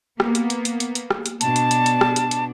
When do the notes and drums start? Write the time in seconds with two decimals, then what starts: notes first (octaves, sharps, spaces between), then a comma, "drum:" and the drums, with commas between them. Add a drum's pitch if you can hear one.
0.20 A#3 B3, drum: rim click
0.35 drum: hi-hat
0.50 drum: hi-hat
0.65 drum: hi-hat
0.80 drum: hi-hat
0.95 drum: hi-hat
1.10 drum: rim click
1.26 drum: hi-hat
1.41 B2 D4 A5, drum: hi-hat
1.56 drum: hi-hat
1.71 drum: hi-hat
1.86 drum: hi-hat
2.01 drum: rim click
2.16 drum: hi-hat
2.31 drum: hi-hat